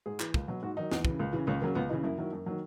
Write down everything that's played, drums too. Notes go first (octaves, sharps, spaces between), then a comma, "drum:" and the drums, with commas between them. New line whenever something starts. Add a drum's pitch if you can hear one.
G#2 G#4
E3, drum: clap
C#2, drum: kick
B2 F#3
G#2 F#4
D#3 F#3 D#4
E2, drum: snare
C#3 E3, drum: kick
C#2
C#3 E3
C#2 C#4
C#3 F#3 A#3
C#2 B3
C#3 E3 D#4
F#2 E4
D#3 F#3
F#2
D#3 F#3